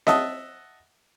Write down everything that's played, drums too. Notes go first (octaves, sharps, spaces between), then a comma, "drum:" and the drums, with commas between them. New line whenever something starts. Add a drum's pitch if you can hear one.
D#5 E5 F#5 A5 D#6, drum: snare C4